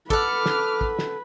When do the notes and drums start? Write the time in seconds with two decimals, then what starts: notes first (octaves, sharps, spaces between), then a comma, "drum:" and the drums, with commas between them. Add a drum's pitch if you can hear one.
0.10 A4 B4 F#5 D6 F6, drum: kick
0.46 drum: snare
0.81 drum: kick
0.99 drum: snare